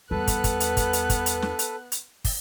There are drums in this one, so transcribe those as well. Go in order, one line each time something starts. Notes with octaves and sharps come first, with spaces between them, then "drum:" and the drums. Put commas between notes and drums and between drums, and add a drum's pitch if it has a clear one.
E2 G3 B3 A4 B4 F#6
drum: kick, hi-hat
drum: kick, hi-hat
drum: hi-hat
drum: kick, hi-hat
drum: hi-hat
drum: kick, hi-hat
drum: hi-hat
drum: snare
drum: hi-hat
drum: hi-hat
drum: kick, open hi-hat